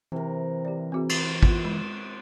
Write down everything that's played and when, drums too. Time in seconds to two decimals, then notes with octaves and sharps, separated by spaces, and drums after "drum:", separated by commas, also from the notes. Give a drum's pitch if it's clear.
0.12 C3 E3 A#4
0.65 G4 D5
0.92 C4 F#4 G#4
1.09 drum: cymbal
1.43 B3 F4, drum: kick
1.64 G#3 B4 B5